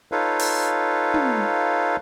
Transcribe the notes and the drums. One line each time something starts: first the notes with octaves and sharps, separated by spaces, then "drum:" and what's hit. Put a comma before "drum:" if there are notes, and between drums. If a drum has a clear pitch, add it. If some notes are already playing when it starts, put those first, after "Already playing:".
D#4 F4 A4 B4 C#5 F5
drum: open hi-hat
drum: tom